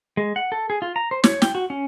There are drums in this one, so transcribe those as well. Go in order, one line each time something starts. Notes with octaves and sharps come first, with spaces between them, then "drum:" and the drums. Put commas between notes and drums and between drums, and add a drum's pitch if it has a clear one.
G#3
F#5
A4
G#4
F4
A#5
C5
C#5, drum: snare
G5, drum: snare
F#4
C#4